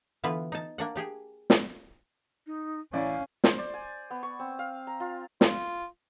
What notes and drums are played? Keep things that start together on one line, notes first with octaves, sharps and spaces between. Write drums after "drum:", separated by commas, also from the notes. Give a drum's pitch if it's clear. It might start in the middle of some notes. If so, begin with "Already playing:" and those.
D3 E3 B3 F4 B4
D#4 A5
A#3 D4 F#5
D4 G4 G#4
drum: snare
D#4
A1 C#4 E4 D5 F5
C5, drum: snare
D5
G#5
B3
C#6
C4
F5
A#5
F4
F4, drum: snare